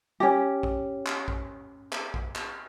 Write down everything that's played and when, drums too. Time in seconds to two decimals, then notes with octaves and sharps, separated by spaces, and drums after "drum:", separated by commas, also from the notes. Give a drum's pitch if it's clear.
0.20 C#4 G4
0.63 drum: kick A#1
1.06 drum: clap
1.28 drum: kick A#1
1.92 drum: clap
2.14 drum: kick A#1
2.35 drum: clap